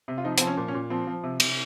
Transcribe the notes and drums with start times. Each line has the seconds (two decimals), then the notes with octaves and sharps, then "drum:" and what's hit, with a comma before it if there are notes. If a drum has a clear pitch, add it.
0.08 C3
0.18 F4
0.24 F3 D#4
0.38 F3 C4, drum: hi-hat
0.47 C#4
0.57 A#2
0.68 C#4
0.74 A#2
0.90 F3 C4
1.07 F3
1.24 C3
1.40 C3, drum: cymbal